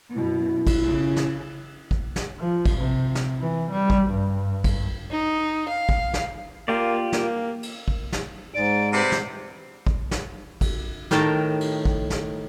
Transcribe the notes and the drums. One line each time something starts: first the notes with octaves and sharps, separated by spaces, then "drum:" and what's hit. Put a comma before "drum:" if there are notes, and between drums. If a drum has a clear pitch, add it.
F#2 B2 E4
drum: kick, cymbal
C#3
drum: snare
drum: kick
drum: snare
F3
drum: kick, cymbal
C3
drum: snare
E3
G3
drum: kick
G2
drum: kick, cymbal
D#4
F5
drum: kick
drum: snare
A#3 F4 G4 D5
A#3, drum: snare
drum: cymbal
drum: kick
drum: snare
G#2 D5 D7
C3 B4 C5 D5 C7
drum: snare
drum: kick
drum: snare
drum: kick, cymbal
A2 D#3 A#4 G5 A5, drum: snare
drum: cymbal
drum: kick
drum: snare